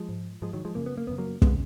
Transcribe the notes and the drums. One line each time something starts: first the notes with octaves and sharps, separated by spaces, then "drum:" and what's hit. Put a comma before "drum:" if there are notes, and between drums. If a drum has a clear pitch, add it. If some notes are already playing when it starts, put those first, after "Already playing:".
Already playing: F3 G#3
G#2
G#2 F3 G#3
D#3 F#3
F3 G#3
F#2 C#3 A#3
B3
A#3
F#2 C#3 B3
F#3 A#3
C#3 G#3 B3, drum: kick